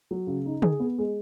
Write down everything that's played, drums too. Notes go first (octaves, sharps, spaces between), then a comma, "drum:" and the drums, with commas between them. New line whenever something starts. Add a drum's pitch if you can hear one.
F#3
C#3
D#4
G#4, drum: tom
B3
G#3